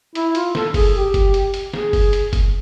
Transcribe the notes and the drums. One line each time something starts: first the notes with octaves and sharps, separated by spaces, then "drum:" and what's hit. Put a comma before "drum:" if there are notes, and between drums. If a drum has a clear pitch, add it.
E4, drum: hi-hat
F4, drum: hi-hat
A4, drum: snare
G#4, drum: kick F#1, open hi-hat
G4
drum: kick F#1, hi-hat
drum: hi-hat
drum: hi-hat
G#4, drum: snare
drum: kick F#1, open hi-hat
drum: hi-hat
drum: kick F#1, hi-hat